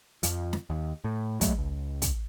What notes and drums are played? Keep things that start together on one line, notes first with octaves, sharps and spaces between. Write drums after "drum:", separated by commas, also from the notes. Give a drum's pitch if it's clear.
F2 F3, drum: hi-hat
drum: snare
D#2
A2
F#3 G#3 A3, drum: kick, hi-hat
C#2
drum: kick, hi-hat